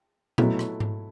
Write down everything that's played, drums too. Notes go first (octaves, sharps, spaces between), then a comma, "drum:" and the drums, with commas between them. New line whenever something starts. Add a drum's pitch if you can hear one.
B2 F#3 A3 E4, drum: tom A#2
drum: rim click
drum: tom G#2